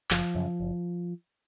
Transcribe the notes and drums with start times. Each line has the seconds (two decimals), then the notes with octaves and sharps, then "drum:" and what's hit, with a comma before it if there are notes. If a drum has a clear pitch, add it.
0.11 F#1 F3, drum: clap
0.35 F#2 C#3
0.60 F#1